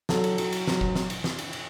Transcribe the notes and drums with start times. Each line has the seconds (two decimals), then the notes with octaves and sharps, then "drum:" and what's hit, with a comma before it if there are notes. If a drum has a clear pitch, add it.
0.09 F#3 A4, drum: snare
0.24 drum: cymbal
0.38 F#3, drum: cymbal
0.52 drum: cymbal
0.67 F#3, drum: snare
0.81 drum: kick F1
0.95 drum: snare
1.10 drum: cymbal
1.24 drum: snare
1.39 drum: cymbal
1.53 drum: cymbal